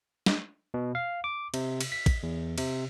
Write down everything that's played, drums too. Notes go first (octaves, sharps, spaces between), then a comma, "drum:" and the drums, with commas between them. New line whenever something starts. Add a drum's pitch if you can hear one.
drum: snare
B2
F5
D6
C3, drum: cymbal
drum: cymbal
B6
drum: kick, cymbal
E2
C3, drum: cymbal